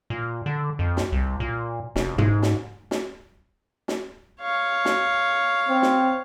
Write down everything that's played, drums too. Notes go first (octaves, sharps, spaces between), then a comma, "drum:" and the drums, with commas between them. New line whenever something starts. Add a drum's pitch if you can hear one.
A#2
D3
F2
drum: snare
C2
A#2
F1, drum: snare
G#2, drum: tom
drum: snare
drum: snare
drum: snare
C#5 F5
drum: snare
C4
drum: snare